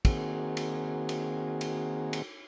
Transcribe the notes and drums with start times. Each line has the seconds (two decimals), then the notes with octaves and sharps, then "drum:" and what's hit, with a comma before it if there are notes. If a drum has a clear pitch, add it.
0.05 D#3 A#3 C4 F#4 G#4, drum: kick, cymbal
0.57 drum: cymbal
1.09 drum: cymbal
1.61 drum: cymbal
2.13 drum: cymbal